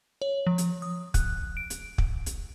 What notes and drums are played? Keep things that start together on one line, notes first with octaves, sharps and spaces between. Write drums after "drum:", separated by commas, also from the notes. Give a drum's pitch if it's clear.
C#5
F3
drum: hi-hat
D#6
F#6, drum: kick, hi-hat
D7
drum: hi-hat
drum: kick
drum: hi-hat